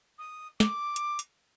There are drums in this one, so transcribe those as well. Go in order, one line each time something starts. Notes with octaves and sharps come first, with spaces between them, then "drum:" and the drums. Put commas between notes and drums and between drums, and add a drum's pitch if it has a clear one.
D#6
D6, drum: snare
drum: hi-hat
drum: hi-hat